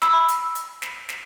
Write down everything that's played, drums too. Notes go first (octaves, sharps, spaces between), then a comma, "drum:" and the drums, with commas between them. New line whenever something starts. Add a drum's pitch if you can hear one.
B5 E6, drum: snare
drum: hi-hat
drum: hi-hat
drum: snare
drum: snare